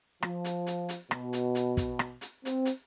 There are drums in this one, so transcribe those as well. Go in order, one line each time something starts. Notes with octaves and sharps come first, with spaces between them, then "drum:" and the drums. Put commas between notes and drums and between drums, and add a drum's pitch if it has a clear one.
F3, drum: rim click
drum: hi-hat
drum: hi-hat
drum: hi-hat
B2, drum: rim click
drum: hi-hat
drum: hi-hat
drum: kick, hi-hat
drum: rim click
drum: hi-hat
C4, drum: hi-hat
drum: hi-hat